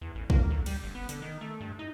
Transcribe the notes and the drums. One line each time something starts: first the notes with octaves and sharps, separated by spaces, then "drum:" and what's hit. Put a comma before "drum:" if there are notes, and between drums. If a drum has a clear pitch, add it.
E2
A1
A#3, drum: kick A#1
D2
G3, drum: cymbal
G1
B3
D3, drum: hi-hat
D#3
A3
G2
D#4